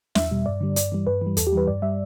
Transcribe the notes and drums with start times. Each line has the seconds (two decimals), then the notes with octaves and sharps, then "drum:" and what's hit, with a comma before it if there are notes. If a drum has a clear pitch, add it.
0.15 E2 E5, drum: snare
0.31 B2 G3
0.46 G2 D5
0.61 D3 G3
0.76 G2 D5, drum: hi-hat
0.92 E3 G3
1.07 G2 B4
1.21 E3
1.27 G3
1.37 E2 A4, drum: hi-hat
1.47 G4
1.53 E3 G3 B4
1.67 G2 D5
1.82 G3 E5